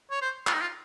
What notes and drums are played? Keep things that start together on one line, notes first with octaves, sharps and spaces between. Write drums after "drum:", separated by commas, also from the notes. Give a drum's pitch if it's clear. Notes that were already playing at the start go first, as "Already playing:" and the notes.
C#5
C5
F4, drum: clap
D#4
F4